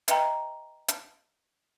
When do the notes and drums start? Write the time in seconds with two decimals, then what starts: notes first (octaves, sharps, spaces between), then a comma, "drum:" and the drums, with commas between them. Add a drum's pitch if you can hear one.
0.08 B4 D#5 E5 G5 A#5, drum: hi-hat
0.88 drum: hi-hat